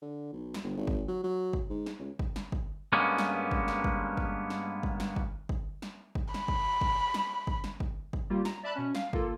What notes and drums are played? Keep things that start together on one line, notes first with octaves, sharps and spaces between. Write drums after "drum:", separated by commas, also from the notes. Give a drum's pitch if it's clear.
D3
B1
drum: snare
G1
G#1
drum: kick
F#3
F#3
drum: kick
G#2
drum: snare
C#2
drum: kick
drum: snare
drum: kick
G2 G#3 A#3 B3 C#4
drum: snare
drum: kick
drum: snare
drum: kick
drum: kick
drum: snare
drum: kick
drum: snare
drum: kick
drum: kick
drum: snare
drum: kick
B5, drum: snare
drum: kick
drum: kick
drum: snare
drum: kick
drum: snare
drum: kick
drum: kick
G3 A#3 F4 G4
A#5, drum: snare
D5 E5 A5 B5 F#6
B2 C#4
F5, drum: snare
A#3 F4 A4, drum: kick